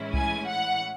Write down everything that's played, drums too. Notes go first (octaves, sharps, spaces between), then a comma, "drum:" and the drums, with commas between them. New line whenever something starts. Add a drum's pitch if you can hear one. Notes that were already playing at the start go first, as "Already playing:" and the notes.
Already playing: A2 E3 G#3 C#4 E4
G#5, drum: kick C2
F#5